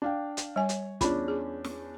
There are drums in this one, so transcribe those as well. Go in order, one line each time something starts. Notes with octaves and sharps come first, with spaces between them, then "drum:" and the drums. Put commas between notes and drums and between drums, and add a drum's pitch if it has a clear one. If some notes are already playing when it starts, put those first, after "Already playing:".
D4 F5 G5
drum: hi-hat
G3 C#5 G#5
drum: hi-hat
E2 C#4 D4 F4 B5, drum: kick, hi-hat
G#4
drum: snare